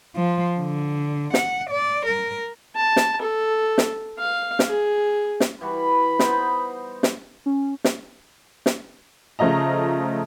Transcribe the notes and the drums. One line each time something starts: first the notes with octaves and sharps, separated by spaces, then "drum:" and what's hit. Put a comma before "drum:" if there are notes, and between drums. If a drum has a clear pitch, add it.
F3
D3
F#5, drum: snare
D5
A#4
A5
drum: snare
A4
drum: snare
F5
drum: snare
G#4
drum: snare
E3 G3 F#4 B5
B3 D#4 C5, drum: snare
drum: snare
C#4
drum: snare
drum: snare
C#3 F3 A3 F4 D#5 A#5